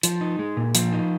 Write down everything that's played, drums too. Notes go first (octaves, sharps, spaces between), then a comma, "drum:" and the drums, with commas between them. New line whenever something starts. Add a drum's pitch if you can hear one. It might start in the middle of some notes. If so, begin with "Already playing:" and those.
F3, drum: hi-hat
D#4
G#3
A#2
F3, drum: hi-hat
D#4